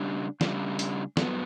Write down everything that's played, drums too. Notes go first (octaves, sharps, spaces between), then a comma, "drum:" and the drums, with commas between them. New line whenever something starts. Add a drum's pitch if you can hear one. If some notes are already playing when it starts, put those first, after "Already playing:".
Already playing: C#3 G3 D4
C#3 G3 D4, drum: snare
drum: hi-hat
G2 F#3 B3, drum: snare